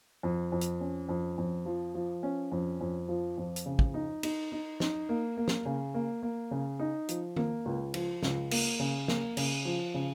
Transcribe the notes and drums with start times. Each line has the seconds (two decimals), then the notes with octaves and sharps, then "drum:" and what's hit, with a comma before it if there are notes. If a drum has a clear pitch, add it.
0.23 F2
0.52 F2
0.61 drum: hi-hat
0.80 C#4
1.09 F2
1.38 F2
1.66 F3
1.95 F3
2.23 C#4
2.52 F2
2.81 F2
3.08 F3
3.38 F2
3.56 drum: hi-hat
3.66 C#3
3.79 drum: kick
3.94 D#4
4.23 D#4, drum: cymbal
4.52 D#4
4.80 D#4, drum: snare
5.09 A#3
5.37 A#3
5.48 drum: snare
5.65 C#3
5.94 A#3
6.23 A#3
6.51 C#3
6.79 D#4
7.09 F3, drum: hi-hat
7.37 A#3, drum: tom D#3
7.66 C#2
7.94 F3, drum: cymbal
8.23 C#2, drum: snare
8.51 A#3, drum: cymbal
8.80 C#3
9.08 A#3, drum: snare
9.37 C#3, drum: cymbal
9.65 F3
9.94 C#3